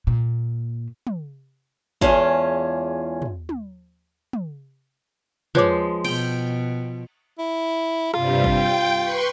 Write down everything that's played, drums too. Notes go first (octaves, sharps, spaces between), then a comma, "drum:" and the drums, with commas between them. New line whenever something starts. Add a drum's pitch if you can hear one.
A#2
drum: tom
E2 G#3 C#4 F4 A5, drum: kick
drum: tom
drum: tom
drum: tom
F3 G#3 B4 C#5 D6, drum: tom
B2 G5, drum: cymbal
E4
G2 C3 G3 F4, drum: rim click
G5, drum: kick
B4 C6 C#6